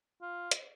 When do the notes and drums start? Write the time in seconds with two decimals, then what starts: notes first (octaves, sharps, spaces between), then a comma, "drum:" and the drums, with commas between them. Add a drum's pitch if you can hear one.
0.22 F4
0.51 drum: hi-hat